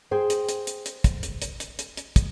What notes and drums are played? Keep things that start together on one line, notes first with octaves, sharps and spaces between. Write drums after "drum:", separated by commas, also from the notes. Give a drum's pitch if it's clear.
G#4 C5 G5
drum: hi-hat
drum: hi-hat
drum: hi-hat
drum: hi-hat
drum: kick, hi-hat
drum: hi-hat
drum: hi-hat
drum: hi-hat
drum: hi-hat
drum: hi-hat
drum: kick, hi-hat